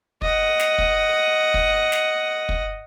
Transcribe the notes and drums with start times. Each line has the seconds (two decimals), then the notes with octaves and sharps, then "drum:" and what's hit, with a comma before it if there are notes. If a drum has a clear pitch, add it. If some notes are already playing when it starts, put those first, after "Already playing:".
0.22 D#5 F#5, drum: kick
0.59 drum: snare
0.78 drum: kick
1.54 drum: kick
1.92 drum: snare
2.49 drum: kick